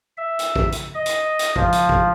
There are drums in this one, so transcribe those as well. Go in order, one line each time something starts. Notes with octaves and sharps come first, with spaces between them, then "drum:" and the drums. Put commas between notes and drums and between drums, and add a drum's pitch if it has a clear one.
E5
drum: hi-hat
drum: kick
drum: hi-hat
D#5
drum: hi-hat
drum: hi-hat
F3, drum: kick
drum: hi-hat
drum: kick